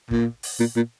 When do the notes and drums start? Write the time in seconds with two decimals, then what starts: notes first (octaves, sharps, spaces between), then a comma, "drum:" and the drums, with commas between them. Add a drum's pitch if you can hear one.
0.11 A#2, drum: kick
0.43 drum: open hi-hat
0.60 A#2
0.76 A#2